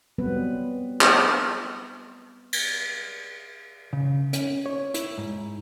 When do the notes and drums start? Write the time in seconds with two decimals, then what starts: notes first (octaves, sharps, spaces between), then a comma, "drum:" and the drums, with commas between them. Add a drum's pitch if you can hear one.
0.18 F#3 G3 B3 C4 B4
1.01 drum: clap
2.53 drum: cymbal
3.93 C#3
4.33 C#4, drum: hi-hat
4.66 C#5
4.94 E4, drum: hi-hat
5.18 G#2